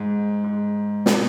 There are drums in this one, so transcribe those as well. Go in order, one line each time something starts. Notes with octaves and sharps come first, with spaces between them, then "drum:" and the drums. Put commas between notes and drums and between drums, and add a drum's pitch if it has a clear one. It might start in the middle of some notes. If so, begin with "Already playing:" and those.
Already playing: G#2
G#2
B2, drum: snare